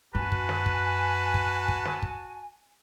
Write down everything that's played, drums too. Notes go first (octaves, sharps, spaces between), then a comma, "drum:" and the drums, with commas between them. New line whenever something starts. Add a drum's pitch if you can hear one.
F#2 F#4 B4 G#5 A5
drum: kick
drum: snare
drum: kick
drum: kick
drum: kick
drum: snare
drum: kick